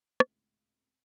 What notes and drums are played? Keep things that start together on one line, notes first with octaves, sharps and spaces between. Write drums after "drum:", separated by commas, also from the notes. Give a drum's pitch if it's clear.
G#1 C#2 A2, drum: rim click